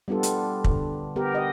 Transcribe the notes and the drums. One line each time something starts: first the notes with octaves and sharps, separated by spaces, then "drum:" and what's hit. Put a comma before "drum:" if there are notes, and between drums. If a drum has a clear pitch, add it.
G3 B3 D4 F4 A4
drum: hi-hat
D3, drum: kick
B3 G4 A#4
G4 D#5